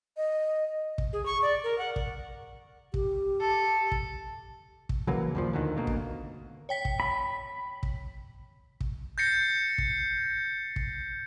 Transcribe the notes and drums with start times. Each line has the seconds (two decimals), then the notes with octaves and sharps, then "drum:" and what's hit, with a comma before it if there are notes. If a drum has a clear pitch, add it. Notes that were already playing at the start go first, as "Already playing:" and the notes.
0.17 D#5
0.98 drum: kick
1.13 G#4
1.26 C#6
1.42 D5
1.64 A#4
1.78 F#5
1.96 drum: kick
2.94 G4, drum: kick
3.40 A4
3.92 drum: kick
4.89 drum: kick
5.07 C#3 E3 F#3 A#3
5.35 D#2 A#2 F3
5.53 D2 D3 D#3
5.77 D2 B2 A#3
5.87 drum: kick
6.69 C#5 G5 B6
6.85 drum: kick
7.00 B5
7.83 drum: kick
8.80 drum: kick
9.18 G6 A6 A#6 C7 C#7
9.78 drum: kick
10.76 drum: kick